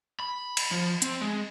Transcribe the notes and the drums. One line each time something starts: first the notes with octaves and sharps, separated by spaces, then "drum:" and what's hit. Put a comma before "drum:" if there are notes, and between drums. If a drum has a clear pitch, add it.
B5
drum: cymbal
F3
C4, drum: hi-hat
G#3